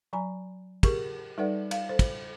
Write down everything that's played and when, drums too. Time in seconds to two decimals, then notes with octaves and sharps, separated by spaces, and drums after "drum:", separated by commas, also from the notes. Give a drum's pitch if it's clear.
0.13 F#3 G#5 A#5 B5
0.83 G4 G#4 A#4 C#6, drum: kick, cymbal
1.38 G3 D#4 A4 B4 D5 F#5
1.71 F5, drum: cymbal
1.89 A4 C5
1.99 drum: kick, cymbal